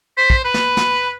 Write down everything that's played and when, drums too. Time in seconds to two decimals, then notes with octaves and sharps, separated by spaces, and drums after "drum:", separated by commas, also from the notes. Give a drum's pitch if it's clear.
0.17 C5 B6
0.30 drum: kick
0.45 B4 B5
0.54 drum: snare
0.77 drum: snare